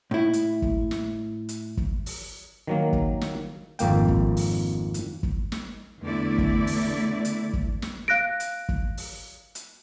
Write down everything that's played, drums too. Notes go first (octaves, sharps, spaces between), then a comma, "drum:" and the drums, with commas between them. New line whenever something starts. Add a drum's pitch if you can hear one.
A2 E4
drum: hi-hat
drum: kick
drum: snare
drum: hi-hat
drum: kick
drum: open hi-hat
D#3 F#3 A#3
drum: kick
drum: snare
G#1 F2 A#3 G5, drum: hi-hat
drum: kick
drum: open hi-hat
drum: hi-hat
drum: kick
drum: snare
E2 D3 A3 E4 D5
drum: kick
drum: open hi-hat
drum: hi-hat
drum: kick
drum: snare
F5 F#6 A#6 D7
drum: hi-hat
drum: kick
drum: open hi-hat
drum: hi-hat